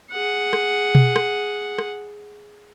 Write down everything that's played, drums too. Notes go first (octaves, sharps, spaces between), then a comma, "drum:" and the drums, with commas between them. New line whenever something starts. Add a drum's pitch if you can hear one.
G#4 F#5
drum: rim click
drum: tom B2
drum: rim click
drum: rim click